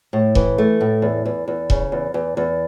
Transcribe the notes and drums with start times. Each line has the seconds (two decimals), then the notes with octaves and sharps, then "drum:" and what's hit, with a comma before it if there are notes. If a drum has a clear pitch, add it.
0.13 A2
0.35 E3, drum: kick E1
0.58 A3
0.81 A2
1.02 E2
1.25 E2
1.48 E2
1.70 C#3, drum: kick E1
1.92 E2
2.14 E2
2.37 E2